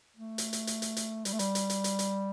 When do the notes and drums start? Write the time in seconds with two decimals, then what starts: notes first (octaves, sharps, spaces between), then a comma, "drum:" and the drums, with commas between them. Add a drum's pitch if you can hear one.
0.17 A3
0.38 drum: hi-hat
0.53 drum: hi-hat
0.67 drum: hi-hat
0.82 drum: hi-hat
0.97 drum: hi-hat
1.25 G3, drum: hi-hat
1.33 A3
1.39 G3, drum: hi-hat
1.55 drum: hi-hat
1.70 drum: hi-hat
1.84 drum: hi-hat
1.99 drum: hi-hat